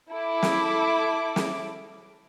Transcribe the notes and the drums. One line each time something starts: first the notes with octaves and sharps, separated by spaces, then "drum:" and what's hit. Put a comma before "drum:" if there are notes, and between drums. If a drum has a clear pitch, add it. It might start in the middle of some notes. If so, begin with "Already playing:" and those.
E4 A4 D6
drum: snare
drum: snare